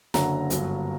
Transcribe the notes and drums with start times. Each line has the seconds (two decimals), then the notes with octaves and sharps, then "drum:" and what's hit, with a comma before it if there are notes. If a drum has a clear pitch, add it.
0.14 F#1 F#2 D3 F#3 A#5, drum: snare
0.50 G1 G2 F#3, drum: hi-hat